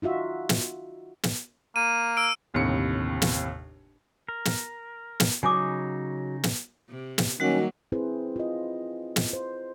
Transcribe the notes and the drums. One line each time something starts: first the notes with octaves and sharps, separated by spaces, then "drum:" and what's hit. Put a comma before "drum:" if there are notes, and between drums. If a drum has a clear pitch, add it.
D#4 F4 F#4 E5
drum: snare
drum: snare
A#3 D#7
E6 D7
G1 D#2 A2 C3 C#7
drum: snare
A#4
drum: snare
drum: snare
C#3 F#3 D#4 G#5 D6 D#6
drum: snare
C3
drum: snare
D#3 F#3 G3 A#3 C#4 F#4 F#5
C4 E4 G#4 B4 C5
F4 D#5
drum: snare
C5